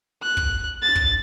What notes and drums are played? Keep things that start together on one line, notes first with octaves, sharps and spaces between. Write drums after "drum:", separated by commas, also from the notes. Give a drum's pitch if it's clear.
F#6
drum: kick
A6
drum: kick